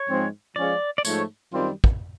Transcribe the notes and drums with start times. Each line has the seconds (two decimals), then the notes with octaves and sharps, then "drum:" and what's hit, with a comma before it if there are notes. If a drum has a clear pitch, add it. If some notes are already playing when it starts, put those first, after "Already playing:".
Already playing: C#5
0.08 G#2 F3 G#3 C4
0.56 F3 G#3 C#4 F4 D5
0.98 D5
1.05 G#2 F3 A3 C#5, drum: tambourine
1.52 F#2 D#3 G3 C4 F4
1.84 drum: kick